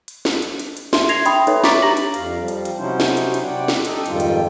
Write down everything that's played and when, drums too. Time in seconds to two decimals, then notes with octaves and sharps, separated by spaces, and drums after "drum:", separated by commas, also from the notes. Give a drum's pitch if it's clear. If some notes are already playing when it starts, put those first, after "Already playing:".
0.08 drum: hi-hat
0.25 drum: snare
0.42 drum: hi-hat
0.59 drum: hi-hat
0.77 drum: hi-hat
0.93 E5 C6, drum: snare
1.09 G#6 A#6 C7 F7, drum: hi-hat
1.26 E5 G5 B5 C6 D#6, drum: hi-hat
1.47 D#4 A4 B4 C#5 E5, drum: hi-hat
1.64 A#5 C#6 D6 A6 B6 D7, drum: snare
1.82 D4 G4 A#5 A#6 F#7
1.97 drum: hi-hat
2.14 F2 F5, drum: hi-hat
2.39 F3 G3
2.48 drum: hi-hat
2.65 drum: hi-hat
2.77 C3 F#3 C#4 D#4 E4 C5
3.00 drum: snare
3.17 drum: hi-hat
3.34 drum: hi-hat
3.44 C3 D5 F#5 G5
3.68 drum: snare
3.85 D#4 G4 A4 D#5, drum: hi-hat
4.06 F2 G#2 D#3 G3 F4 G5, drum: hi-hat
4.20 drum: hi-hat